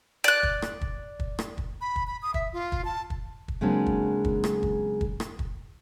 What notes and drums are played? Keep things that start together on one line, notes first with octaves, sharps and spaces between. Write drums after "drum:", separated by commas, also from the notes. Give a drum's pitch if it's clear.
D5 F#6
drum: kick
drum: rim click
drum: kick
drum: kick
drum: rim click
drum: kick
B5
drum: kick
B5
D#6
E5, drum: kick
F4
drum: kick
A5
drum: kick
drum: kick
C#3 F#3 G#3 A#3 C4 D4
drum: kick
drum: kick
drum: rim click
drum: kick
drum: kick
drum: rim click
drum: kick